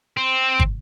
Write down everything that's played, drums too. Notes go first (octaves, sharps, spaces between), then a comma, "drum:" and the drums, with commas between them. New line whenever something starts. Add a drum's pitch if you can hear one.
C4
drum: kick